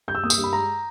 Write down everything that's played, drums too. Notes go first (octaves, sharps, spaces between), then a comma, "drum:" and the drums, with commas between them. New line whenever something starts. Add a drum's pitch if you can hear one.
G2 G6
E6
A#3 D#6
E6, drum: tambourine
G2
B5
G#3 A#5